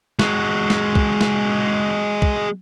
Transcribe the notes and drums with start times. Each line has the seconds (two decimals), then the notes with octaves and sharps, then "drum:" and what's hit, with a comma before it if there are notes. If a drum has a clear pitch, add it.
0.19 G#3 F#4, drum: snare
0.70 drum: snare
0.95 drum: kick
1.21 drum: snare
2.22 drum: kick